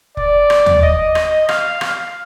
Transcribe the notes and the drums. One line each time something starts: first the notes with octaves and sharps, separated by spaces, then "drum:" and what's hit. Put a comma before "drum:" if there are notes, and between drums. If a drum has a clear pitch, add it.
D5, drum: kick F1
drum: rim click
drum: tom
D#5, drum: kick F1
D#5, drum: rim click
F5, drum: rim click
F5, drum: rim click